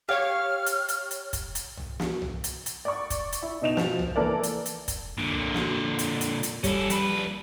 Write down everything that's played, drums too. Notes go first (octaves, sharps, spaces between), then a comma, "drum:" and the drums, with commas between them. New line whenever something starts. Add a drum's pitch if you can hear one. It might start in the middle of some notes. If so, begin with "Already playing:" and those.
G4 C#5 F5 F6
drum: hi-hat
drum: hi-hat
drum: hi-hat
drum: kick, hi-hat
drum: hi-hat
drum: tom B1
drum: snare
drum: tom B1
drum: hi-hat
drum: hi-hat
D5 C#6
drum: kick, hi-hat
drum: hi-hat
E4
B2 D#4 E7 F7
F3, drum: snare
drum: tom B1
E3 A#3 A4 A#4 D5
drum: hi-hat
drum: hi-hat
drum: kick, hi-hat
A#2 D3
drum: tom B1
drum: snare
drum: hi-hat
drum: hi-hat
drum: hi-hat
G3 C#4 A4, drum: kick, hi-hat
F2 B4, drum: hi-hat